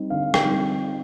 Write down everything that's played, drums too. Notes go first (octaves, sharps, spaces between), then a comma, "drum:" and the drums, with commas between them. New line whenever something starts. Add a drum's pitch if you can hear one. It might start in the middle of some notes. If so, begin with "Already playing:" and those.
Already playing: G3 C4 D#4
D3 F5
G5, drum: rim click
G3 C4 D#4